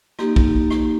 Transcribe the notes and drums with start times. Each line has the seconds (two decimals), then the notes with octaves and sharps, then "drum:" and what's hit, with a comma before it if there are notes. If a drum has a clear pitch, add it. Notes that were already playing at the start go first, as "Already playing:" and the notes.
0.19 A#3 D#4 G4, drum: rim click
0.36 drum: kick
0.70 drum: rim click